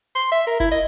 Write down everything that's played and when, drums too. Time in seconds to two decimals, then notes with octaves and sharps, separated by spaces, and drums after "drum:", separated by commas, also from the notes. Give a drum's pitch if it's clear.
0.15 C6
0.32 E5
0.47 A#4
0.60 E4, drum: kick F1
0.72 D#5